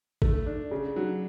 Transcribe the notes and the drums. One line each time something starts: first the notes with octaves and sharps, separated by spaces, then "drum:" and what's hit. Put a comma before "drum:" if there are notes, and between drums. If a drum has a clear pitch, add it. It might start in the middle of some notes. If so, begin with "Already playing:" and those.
A3, drum: kick G#1
D4
C#3
F#3